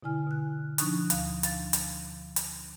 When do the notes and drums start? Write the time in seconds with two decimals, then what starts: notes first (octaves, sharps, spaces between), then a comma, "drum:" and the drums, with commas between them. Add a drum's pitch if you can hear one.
0.03 B2 D3 E4 G#5 F6
0.27 B2 F#6
0.78 F3 D4 D#4 C#6 D#6 F#6, drum: hi-hat
1.10 D2 F5, drum: hi-hat
1.43 F5 A6, drum: hi-hat
1.73 drum: hi-hat
2.36 drum: hi-hat